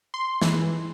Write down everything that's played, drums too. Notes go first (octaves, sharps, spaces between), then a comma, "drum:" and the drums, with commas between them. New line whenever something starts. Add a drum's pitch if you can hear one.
C6
E3, drum: snare